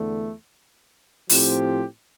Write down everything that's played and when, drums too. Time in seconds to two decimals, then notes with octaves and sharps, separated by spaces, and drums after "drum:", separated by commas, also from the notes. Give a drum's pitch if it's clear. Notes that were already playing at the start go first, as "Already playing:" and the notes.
Already playing: E2 D3 A3
1.29 A2 F3 C4 G4, drum: open hi-hat